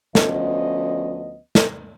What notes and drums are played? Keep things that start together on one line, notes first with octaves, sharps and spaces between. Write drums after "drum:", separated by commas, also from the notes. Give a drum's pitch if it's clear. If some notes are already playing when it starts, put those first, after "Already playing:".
D2 F3 B3 C#4 D#5, drum: snare
drum: snare